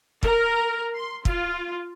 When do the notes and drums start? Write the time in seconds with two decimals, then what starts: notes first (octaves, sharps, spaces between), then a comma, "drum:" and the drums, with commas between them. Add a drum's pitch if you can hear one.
0.23 A#4, drum: kick
0.95 C6
1.25 F4, drum: kick